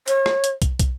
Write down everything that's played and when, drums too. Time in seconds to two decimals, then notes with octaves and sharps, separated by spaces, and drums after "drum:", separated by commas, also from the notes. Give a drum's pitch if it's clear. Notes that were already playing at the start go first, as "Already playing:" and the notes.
0.08 C#5, drum: hi-hat
0.26 drum: rim click
0.44 drum: hi-hat
0.62 drum: kick, hi-hat
0.79 drum: kick, hi-hat